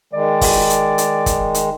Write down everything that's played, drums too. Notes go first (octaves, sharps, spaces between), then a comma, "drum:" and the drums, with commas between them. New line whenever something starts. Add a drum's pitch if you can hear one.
D#3 G#3 D5
drum: kick, open hi-hat
drum: hi-hat
drum: hi-hat
drum: kick, hi-hat
drum: hi-hat